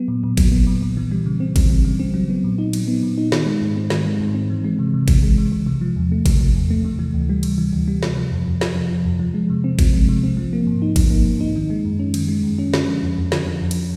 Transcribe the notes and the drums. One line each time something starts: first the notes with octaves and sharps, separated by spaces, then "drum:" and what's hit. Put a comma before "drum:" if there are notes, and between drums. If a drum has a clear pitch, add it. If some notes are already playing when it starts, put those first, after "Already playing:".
Already playing: F#3 B3
A#2
A#2
F#3, drum: kick G#1, cymbal
B3
A#2
A#2
E3
G3
C#3
C4
E3, drum: kick G#1, cymbal
G3
C#3
C4
F#3
B3
A#2
D#4
F#3, drum: cymbal
B3
A#2
D#4
D#3, drum: snare
G#3
G#2
C4
D#3, drum: snare
G#3
G#2
C4
E3
G#3
C3
C3
E3, drum: kick G#1, cymbal
G#3
C3
C3
C3
F3
E2
A3
C3, drum: kick G#1, cymbal
F3
E2
A3
C3
E3
D2
G3
C3, drum: cymbal
E3
D2
G3
C3, drum: snare
F3
F2
F2
C3, drum: snare
F3
F2
F2
F3
G#3
C3
C4
F3, drum: kick G#1, cymbal
G#3
C3
C4
F3
A#3
G#2
D#4
F3, drum: kick G#1, cymbal
A#3
G#2
D#4
D#3
G#3
F#2
C#4
D#3, drum: cymbal
G#3
F#2
C#4
D3, drum: snare
F3
F2
F2
D3, drum: snare
F3
F2
drum: cymbal